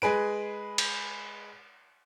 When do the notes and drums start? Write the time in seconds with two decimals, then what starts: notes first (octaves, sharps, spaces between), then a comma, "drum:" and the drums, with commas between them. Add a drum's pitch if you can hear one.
0.02 G#3 G#4 B4 D7
0.78 drum: cymbal